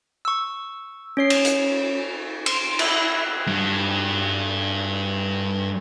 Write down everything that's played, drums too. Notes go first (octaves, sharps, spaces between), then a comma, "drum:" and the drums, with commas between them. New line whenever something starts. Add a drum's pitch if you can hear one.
C#6 E6
C#4 C#5 C7
drum: cymbal
drum: hi-hat
C6, drum: cymbal
E4, drum: cymbal
G2 G3